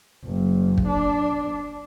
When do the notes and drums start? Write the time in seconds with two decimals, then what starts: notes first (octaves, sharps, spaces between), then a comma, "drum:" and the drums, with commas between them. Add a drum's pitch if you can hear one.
0.25 F#1
0.78 drum: kick
0.87 D4